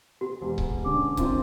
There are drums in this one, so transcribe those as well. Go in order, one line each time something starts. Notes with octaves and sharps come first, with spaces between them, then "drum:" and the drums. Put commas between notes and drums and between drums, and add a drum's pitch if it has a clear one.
G4
E1
drum: kick C#1
D3 C#4 D4 D6
D#3 C4 F4, drum: kick C#1, hi-hat